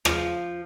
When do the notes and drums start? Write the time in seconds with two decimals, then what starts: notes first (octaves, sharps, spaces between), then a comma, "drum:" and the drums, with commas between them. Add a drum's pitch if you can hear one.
0.05 F3, drum: rim click